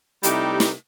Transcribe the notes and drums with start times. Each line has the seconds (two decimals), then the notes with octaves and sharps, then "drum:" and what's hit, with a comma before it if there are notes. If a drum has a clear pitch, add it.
0.23 C3 G3 A3 D#4 E4 G4, drum: hi-hat
0.60 drum: snare